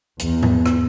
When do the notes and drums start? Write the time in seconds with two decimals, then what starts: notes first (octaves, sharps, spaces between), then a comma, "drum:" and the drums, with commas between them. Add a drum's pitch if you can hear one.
0.19 E2, drum: hi-hat
0.42 drum: tom G#2
0.66 drum: rim click